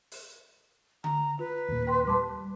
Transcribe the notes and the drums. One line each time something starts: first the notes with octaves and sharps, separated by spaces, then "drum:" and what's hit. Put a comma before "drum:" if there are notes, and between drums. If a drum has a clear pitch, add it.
drum: open hi-hat
A#5, drum: tom D3
F4 B4
D#2 A#2
G5 C6
G3 A5 C6 D6